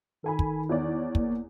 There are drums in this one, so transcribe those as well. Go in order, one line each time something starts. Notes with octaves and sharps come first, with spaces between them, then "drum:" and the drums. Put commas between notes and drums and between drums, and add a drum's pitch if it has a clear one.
D#3 A4 G#5 B5
drum: kick
E2 C#5 D5
A#3, drum: kick